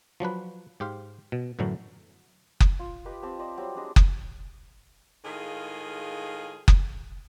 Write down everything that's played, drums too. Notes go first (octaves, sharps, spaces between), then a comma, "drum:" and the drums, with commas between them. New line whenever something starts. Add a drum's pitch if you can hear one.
F3 F#3 D4 B4
G#2 G4 C5 F5
B2
F#2 A2 D3 E3 F#3
drum: kick F#1
F4
G4 B4 D#5
C4 G4 A5
C5 D5 D#5
F#3 G3 C4
G3 G#3 D4 D#5
drum: kick F#1
A2 D#3 G#3 F4 G#4 F5
drum: kick F#1